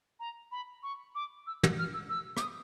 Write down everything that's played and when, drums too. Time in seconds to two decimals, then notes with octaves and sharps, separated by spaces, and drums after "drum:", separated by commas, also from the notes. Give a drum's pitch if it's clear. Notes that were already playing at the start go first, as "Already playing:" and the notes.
0.20 A#5
0.52 B5
0.83 C#6
1.15 D6
1.47 E6
1.63 drum: tom
1.79 F6
1.94 E6
2.09 E6
2.37 D6, drum: rim click
2.41 D#6